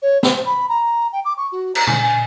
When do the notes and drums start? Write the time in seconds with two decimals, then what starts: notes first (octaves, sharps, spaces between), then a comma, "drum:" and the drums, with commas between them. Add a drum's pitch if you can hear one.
0.02 C#5
0.23 C5, drum: snare
0.45 B5
0.69 A#5
1.12 G5
1.25 D6
1.37 C#6
1.52 F#4
1.75 A#5, drum: cymbal
1.87 G#5, drum: tom A#2
2.02 G#5